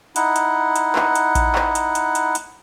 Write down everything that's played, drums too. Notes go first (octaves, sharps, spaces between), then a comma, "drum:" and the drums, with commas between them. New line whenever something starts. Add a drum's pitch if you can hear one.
D#4 E4 F#5, drum: hi-hat
drum: hi-hat
drum: hi-hat
drum: clap
drum: hi-hat
drum: kick A#1, hi-hat
drum: clap
drum: hi-hat
drum: hi-hat
drum: hi-hat
drum: hi-hat